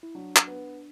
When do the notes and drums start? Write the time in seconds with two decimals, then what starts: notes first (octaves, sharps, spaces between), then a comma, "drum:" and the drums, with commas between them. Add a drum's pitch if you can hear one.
0.03 E4
0.15 F#3 D4
0.36 drum: clap
0.47 B3